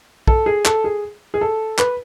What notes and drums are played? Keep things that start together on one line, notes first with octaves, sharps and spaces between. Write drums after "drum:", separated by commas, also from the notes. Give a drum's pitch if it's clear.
A4, drum: kick
G#4
A4, drum: clap
G#4
G#4
A4
B4, drum: clap